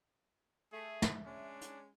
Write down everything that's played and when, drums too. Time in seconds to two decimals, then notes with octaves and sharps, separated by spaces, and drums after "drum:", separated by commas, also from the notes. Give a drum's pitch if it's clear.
0.73 A3 G#4 E5
1.02 drum: snare
1.25 G#3 C#4 D4
1.61 drum: hi-hat